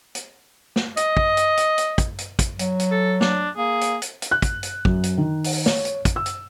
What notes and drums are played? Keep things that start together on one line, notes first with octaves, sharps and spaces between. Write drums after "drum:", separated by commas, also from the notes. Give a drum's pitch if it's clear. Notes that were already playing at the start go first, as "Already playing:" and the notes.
drum: hi-hat
drum: snare
D#5, drum: hi-hat
drum: kick
drum: hi-hat
drum: hi-hat
drum: hi-hat
drum: kick, hi-hat
drum: hi-hat
drum: kick, hi-hat
F#3, drum: hi-hat
drum: hi-hat
A4
D4, drum: snare
A#3 G#4
drum: hi-hat
drum: hi-hat
drum: hi-hat
F#6
drum: kick, hi-hat
drum: hi-hat
F#2, drum: kick
drum: hi-hat
D#3
drum: open hi-hat
C#5, drum: snare
drum: hi-hat
drum: kick, hi-hat
E6
drum: hi-hat